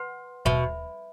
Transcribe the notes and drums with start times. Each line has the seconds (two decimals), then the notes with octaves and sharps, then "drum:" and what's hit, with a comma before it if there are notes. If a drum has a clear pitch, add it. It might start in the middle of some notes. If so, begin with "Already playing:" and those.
Already playing: B4 F#5 C6
0.45 B2 B4 E5 B5, drum: kick D#2